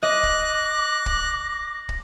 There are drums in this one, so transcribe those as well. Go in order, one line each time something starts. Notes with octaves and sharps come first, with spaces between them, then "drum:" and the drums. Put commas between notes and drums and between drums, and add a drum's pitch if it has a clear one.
D#5 D6 F#6 A#6
drum: kick
drum: kick
drum: kick